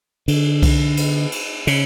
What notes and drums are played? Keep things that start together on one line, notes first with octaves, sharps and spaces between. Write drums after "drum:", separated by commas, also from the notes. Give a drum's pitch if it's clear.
D3, drum: cymbal
drum: kick C2, cymbal
drum: cymbal
drum: cymbal
C#3, drum: cymbal